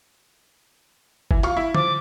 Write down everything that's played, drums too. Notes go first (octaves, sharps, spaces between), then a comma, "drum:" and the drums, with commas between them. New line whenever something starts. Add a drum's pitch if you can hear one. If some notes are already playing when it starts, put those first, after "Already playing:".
E3, drum: kick F#1
F4 C#6, drum: hi-hat
E4
F3 D6, drum: tom